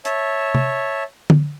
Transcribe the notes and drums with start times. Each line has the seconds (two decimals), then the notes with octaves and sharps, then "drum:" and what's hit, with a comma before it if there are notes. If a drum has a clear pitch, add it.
0.05 C#5 E5 A5, drum: hi-hat
0.55 drum: tom C3
1.30 drum: tom D3